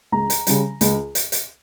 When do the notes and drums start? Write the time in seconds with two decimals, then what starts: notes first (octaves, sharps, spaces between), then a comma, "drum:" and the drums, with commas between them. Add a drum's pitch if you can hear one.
0.12 C#2 A#5
0.30 drum: hi-hat
0.47 C#3 G3, drum: hi-hat
0.81 C#2, drum: hi-hat
1.15 drum: hi-hat
1.32 drum: hi-hat